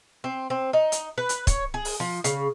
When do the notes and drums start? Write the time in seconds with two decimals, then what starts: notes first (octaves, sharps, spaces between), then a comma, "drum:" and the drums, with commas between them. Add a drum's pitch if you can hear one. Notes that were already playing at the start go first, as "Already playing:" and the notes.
0.24 C4
0.50 C4
0.73 D#4
0.92 drum: hi-hat
1.18 B4
1.29 drum: hi-hat
1.47 C#5, drum: kick, hi-hat
1.74 G#4
1.85 drum: open hi-hat
2.00 F3
2.24 C#3, drum: hi-hat